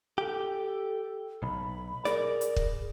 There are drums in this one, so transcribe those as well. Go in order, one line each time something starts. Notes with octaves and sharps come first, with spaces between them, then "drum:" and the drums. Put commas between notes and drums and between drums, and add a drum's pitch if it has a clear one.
G4 A4
B1 B5
G#4 A#4 D5, drum: snare
drum: hi-hat
drum: kick